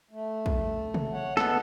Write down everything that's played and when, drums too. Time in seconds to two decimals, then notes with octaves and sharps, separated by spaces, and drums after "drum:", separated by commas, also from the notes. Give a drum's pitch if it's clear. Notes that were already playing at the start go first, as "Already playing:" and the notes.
0.11 A3
0.46 drum: kick A#1
0.94 drum: tom C3
1.13 C#5 F#5
1.37 G#3 B3 A4, drum: snare